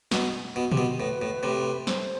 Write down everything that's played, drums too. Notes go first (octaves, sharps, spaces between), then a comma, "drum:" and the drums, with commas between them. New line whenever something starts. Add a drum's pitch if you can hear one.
B2, drum: snare
B2
C3, drum: tom A#2
B2
A2 B4
A2
A2 C3
C5, drum: snare